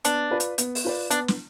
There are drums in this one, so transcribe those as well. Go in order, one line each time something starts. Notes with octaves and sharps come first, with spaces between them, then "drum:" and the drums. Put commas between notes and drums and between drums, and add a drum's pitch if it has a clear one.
B3 D4, drum: hi-hat
F4 B4 D5
drum: hi-hat
B3, drum: hi-hat
drum: open hi-hat
F4 B4 D5
B3 D4, drum: hi-hat
drum: snare